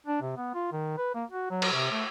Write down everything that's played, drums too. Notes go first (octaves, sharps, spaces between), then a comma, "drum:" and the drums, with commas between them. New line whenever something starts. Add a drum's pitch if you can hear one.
D4
C3
B3
F4
D#3
B4
A#3
F#4
F#3
drum: cymbal
C3
A3